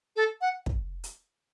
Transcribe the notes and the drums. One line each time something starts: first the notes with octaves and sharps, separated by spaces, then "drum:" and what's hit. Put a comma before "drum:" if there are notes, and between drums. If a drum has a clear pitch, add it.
A4
F#5
drum: kick
drum: hi-hat